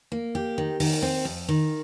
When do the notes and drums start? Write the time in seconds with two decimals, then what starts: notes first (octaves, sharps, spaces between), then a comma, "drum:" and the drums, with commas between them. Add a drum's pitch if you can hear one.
0.12 A#3
0.35 G4
0.58 D#3
0.80 D#3, drum: open hi-hat
1.03 C4
1.25 F2
1.48 D#3